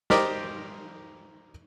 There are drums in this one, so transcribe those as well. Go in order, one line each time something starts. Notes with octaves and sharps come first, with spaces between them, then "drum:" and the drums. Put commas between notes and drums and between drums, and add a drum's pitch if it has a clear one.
G4 A#4 C5 D5 D#5, drum: snare